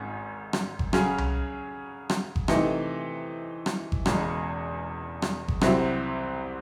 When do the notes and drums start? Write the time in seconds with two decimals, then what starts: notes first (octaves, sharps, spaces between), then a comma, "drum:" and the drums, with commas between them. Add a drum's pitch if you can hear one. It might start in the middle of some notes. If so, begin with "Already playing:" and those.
Already playing: G#1 G#2 C#4
0.53 drum: rim click
0.79 drum: kick G1
0.93 C#3 F#3 C#4 G#4, drum: rim click
1.18 drum: tom C2
2.10 drum: rim click
2.36 drum: kick G1
2.48 C3 E3 A3 D#4, drum: rim click
3.66 drum: rim click
3.92 drum: kick G1
4.06 E1 E2 C#3 G#3, drum: rim click
5.22 drum: rim click
5.48 drum: kick G1
5.61 C2 C3 F#3 C4 E4, drum: rim click